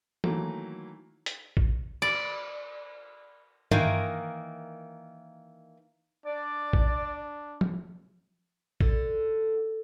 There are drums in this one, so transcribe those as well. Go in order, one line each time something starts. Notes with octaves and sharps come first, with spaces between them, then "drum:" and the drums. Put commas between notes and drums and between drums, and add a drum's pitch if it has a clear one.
D#3 E3 F#3 A3 A#3, drum: tom E3
drum: hi-hat
drum: kick
D5, drum: cymbal
D#3 E3 A#3, drum: tom G2
D4 D5
drum: kick
drum: tom F3
D3, drum: kick